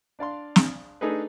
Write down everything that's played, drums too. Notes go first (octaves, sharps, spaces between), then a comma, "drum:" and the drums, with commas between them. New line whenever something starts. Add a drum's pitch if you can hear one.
D4 D5 F5 C6
drum: snare
A3 D4 D#4 G#4 A4 B4